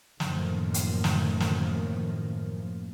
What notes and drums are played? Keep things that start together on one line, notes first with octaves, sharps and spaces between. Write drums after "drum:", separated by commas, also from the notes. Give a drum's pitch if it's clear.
F#2 A2 D#3 F3 A#3, drum: snare
drum: hi-hat
drum: snare
drum: snare